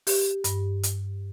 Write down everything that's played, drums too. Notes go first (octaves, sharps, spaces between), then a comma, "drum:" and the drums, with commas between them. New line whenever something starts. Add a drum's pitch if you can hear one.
G4, drum: open hi-hat
G2, drum: hi-hat
drum: hi-hat